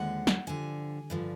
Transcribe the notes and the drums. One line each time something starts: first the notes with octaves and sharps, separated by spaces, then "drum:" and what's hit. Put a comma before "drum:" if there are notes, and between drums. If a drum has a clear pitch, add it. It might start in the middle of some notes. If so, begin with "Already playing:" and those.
Already playing: D#2 D3 F3 G#3 F#5
drum: snare
G2 D3 F3 G#5
G2 D3 F3